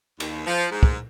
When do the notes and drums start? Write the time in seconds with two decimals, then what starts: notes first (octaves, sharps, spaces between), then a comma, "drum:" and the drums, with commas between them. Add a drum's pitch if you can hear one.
0.20 D#2, drum: cymbal
0.46 F3
0.72 G#2
0.83 drum: kick